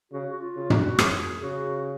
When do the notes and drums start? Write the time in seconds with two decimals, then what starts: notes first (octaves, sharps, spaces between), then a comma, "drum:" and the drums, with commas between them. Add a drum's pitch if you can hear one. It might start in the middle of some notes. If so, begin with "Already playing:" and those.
0.12 C#3 F#4
0.33 F#4
0.41 F4
0.56 C#3
0.70 F#4, drum: tom
0.99 F#2 G#4, drum: rim click
1.42 C#3 F#4
1.76 F#4